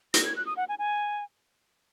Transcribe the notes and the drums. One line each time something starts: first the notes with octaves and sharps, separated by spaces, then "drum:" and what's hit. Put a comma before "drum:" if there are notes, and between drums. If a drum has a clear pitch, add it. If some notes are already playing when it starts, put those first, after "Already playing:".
A#6, drum: hi-hat
G#6
F#6
D#6
F#5
G#5
G#5